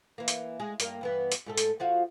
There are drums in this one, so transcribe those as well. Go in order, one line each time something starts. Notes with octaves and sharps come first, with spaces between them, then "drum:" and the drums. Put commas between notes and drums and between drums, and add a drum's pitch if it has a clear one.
E3 A#3
drum: hi-hat
G#3 G#4
G2 A#3 A#4, drum: hi-hat
G2 E3 B3
drum: hi-hat
G#2 A3 A4
drum: hi-hat
F3 F4 F#4